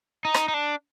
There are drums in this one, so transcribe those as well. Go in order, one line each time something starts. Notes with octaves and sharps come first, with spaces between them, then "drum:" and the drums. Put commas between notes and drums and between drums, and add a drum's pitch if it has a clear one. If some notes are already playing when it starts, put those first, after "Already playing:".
D#4
drum: rim click
D#4
D4